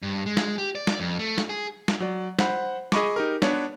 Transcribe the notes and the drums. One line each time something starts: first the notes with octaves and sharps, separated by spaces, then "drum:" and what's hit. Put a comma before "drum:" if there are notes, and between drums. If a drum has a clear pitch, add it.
G2
G#3
drum: snare
G4
D5
drum: snare
F2
A3
drum: snare
G#4
drum: snare
F#3 D5
C5 F#5 B5, drum: snare
G#4 D#5 B5 C#6 D6, drum: snare
D#4 G4 A#4
B3 D4 B4 C#5, drum: snare